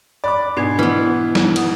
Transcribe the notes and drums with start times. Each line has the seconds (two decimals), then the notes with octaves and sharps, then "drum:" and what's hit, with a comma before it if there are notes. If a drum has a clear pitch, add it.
0.24 D5 B5 D6 F#6
0.57 G#2 B2 D4 G#5 G#6 C7
0.79 E3 B3 F6
1.35 drum: snare
1.56 F#5 D#6, drum: cymbal